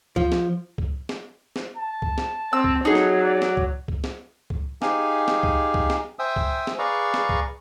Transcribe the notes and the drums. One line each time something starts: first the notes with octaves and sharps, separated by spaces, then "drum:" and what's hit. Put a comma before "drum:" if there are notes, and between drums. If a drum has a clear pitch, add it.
F3, drum: kick C#2
drum: snare
drum: kick C#2
drum: snare
drum: snare
A5
drum: kick C#2
drum: snare
C4 E6
drum: kick C#2
F#3 D#4 G#4
drum: snare
D5
drum: snare
drum: kick C#2
drum: kick C#2
drum: snare
drum: kick C#2
D#4 G4 G#4 F5 G#5, drum: snare
drum: snare
drum: kick C#2
drum: kick C#2
drum: snare
C5 E5 G5 G#5 D#6 E6
drum: kick C#2
drum: snare
G#4 B4 D5 F5 A#5 C#6
drum: snare
drum: kick C#2